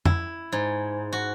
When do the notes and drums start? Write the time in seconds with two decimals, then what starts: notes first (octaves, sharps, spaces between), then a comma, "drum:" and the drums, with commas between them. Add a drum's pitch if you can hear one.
0.05 E4, drum: tom F2
0.52 G#2
1.13 F#4